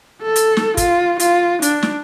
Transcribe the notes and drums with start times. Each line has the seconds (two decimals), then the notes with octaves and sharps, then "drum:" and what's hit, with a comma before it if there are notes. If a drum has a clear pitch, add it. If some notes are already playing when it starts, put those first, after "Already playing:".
0.22 A4
0.36 drum: hi-hat
0.57 drum: snare
0.77 F4, drum: kick, hi-hat
1.20 F4, drum: hi-hat
1.62 D4, drum: hi-hat
1.83 drum: snare